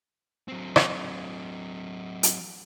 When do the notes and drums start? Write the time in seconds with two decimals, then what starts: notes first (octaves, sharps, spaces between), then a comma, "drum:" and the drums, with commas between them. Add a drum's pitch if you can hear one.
0.48 F#3 C4
0.76 drum: rim click
2.23 drum: hi-hat